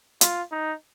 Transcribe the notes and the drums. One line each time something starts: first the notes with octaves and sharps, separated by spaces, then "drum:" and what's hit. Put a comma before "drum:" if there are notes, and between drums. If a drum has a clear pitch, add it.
F4, drum: hi-hat
D#4